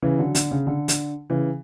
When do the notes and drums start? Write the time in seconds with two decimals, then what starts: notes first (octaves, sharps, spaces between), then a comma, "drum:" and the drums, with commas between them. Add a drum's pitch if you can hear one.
0.02 C#3 E3
0.19 D3 F#3
0.35 D3, drum: hi-hat
0.51 C#3
0.67 D3
0.88 D3, drum: hi-hat
1.30 C#3 E3